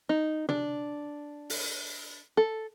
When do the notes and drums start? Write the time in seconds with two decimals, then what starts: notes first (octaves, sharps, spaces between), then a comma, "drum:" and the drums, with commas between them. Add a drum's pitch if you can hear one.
0.09 D#4
0.49 D4, drum: tom
1.50 drum: open hi-hat
2.37 A4